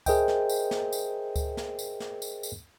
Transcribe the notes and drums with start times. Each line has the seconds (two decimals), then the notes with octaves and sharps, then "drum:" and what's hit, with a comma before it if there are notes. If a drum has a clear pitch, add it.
0.06 G#4 A#4 C5 D#5 E5 G5, drum: kick C#2, tambourine
0.28 drum: snare
0.49 drum: tambourine
0.71 drum: snare
0.93 drum: tambourine
1.36 drum: kick C#2, tambourine
1.57 drum: snare
1.79 drum: tambourine
2.00 drum: snare
2.22 drum: tambourine
2.43 drum: tambourine